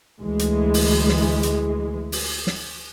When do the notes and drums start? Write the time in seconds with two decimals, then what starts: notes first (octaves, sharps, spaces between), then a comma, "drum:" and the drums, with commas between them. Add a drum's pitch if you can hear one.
0.22 D2 E3 G#3
0.39 drum: hi-hat
0.74 drum: open hi-hat
1.08 drum: snare
1.43 drum: hi-hat
2.12 drum: open hi-hat
2.47 drum: snare